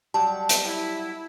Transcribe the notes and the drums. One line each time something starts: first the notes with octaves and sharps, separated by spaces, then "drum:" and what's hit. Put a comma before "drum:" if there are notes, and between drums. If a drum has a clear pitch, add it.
F#3 G3 G4 F#5 G5 A5
drum: hi-hat
E4